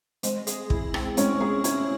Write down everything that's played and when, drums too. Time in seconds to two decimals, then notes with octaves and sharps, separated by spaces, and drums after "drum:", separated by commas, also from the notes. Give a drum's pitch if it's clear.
0.23 G#3 C4, drum: hi-hat
0.47 G#4, drum: hi-hat
0.70 E4, drum: kick
0.94 C4, drum: rim click
1.17 G#3 C#4, drum: hi-hat
1.40 C#4 G#4
1.64 C#4 E4, drum: hi-hat